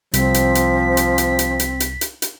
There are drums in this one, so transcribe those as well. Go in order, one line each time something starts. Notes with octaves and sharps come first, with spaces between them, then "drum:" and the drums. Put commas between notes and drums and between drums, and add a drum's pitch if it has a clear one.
C2 F3 C4 B6, drum: hi-hat
drum: hi-hat
drum: hi-hat
drum: hi-hat
drum: hi-hat
drum: hi-hat
drum: hi-hat
drum: hi-hat
drum: hi-hat
drum: hi-hat